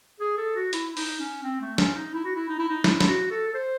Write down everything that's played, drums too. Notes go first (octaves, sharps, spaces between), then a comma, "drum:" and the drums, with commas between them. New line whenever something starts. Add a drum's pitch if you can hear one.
G#4
A4
F#4
E4, drum: hi-hat
E4
D#4, drum: open hi-hat
C#4
C4
A3
C#4, drum: snare
D#4
E4
F#4
E4
D#4
E4
D#4
E4, drum: snare
E4, drum: snare
F#4
A4
A4
C5